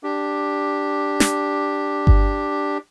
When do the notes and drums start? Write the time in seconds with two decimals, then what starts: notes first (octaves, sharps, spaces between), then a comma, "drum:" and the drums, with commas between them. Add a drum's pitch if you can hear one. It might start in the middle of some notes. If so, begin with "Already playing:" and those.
0.03 D4 G4
1.20 drum: snare
2.07 drum: kick G1